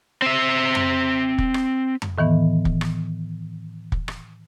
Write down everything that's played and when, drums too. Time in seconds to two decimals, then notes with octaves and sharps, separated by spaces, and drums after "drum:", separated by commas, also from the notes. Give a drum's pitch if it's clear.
0.22 C4 E5
0.75 drum: tom F2
1.38 drum: kick
1.54 drum: rim click
2.02 drum: tom F2
2.18 A2 D#3 E3 B3
2.65 drum: kick
2.81 drum: rim click
3.92 drum: kick
4.08 drum: rim click